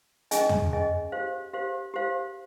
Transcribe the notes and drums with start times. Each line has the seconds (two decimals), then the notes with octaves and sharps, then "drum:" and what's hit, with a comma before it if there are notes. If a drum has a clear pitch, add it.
0.31 C#4 G#4 D#5 G#5, drum: hi-hat
0.49 drum: tom E2
0.72 C#4 G#4 D#5 G#5
1.12 G4 C5 F5
1.53 G4 C5 F5
1.94 G4 C5 F5